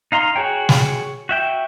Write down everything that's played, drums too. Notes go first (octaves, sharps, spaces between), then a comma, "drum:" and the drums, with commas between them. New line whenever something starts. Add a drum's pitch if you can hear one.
D#4 F5 A#5 C6
F#4 G#4 C#5 G5
drum: snare
F#4 E5 G5